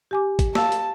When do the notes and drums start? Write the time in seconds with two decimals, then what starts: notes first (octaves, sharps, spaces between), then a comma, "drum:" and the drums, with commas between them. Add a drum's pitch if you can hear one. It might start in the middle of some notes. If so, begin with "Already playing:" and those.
0.11 G4 G#5 D6
0.39 drum: kick, hi-hat
0.55 F5 A5 E6, drum: snare
0.72 drum: hi-hat